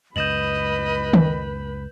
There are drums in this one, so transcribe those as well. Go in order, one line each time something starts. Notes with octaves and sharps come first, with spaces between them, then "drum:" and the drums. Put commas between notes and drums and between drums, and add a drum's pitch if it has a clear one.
C#2 F#2 B4 D#5 B5 G6 E7 F#7
drum: tom D#3